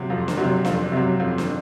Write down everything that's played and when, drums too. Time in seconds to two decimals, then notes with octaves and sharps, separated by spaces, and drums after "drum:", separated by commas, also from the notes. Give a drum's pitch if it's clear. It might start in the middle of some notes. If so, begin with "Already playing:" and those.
Already playing: C3 F#3
0.10 F2
0.28 drum: snare
0.37 C3 F#3
0.65 F2, drum: snare
0.92 C3 F#3
1.20 F2
1.38 drum: snare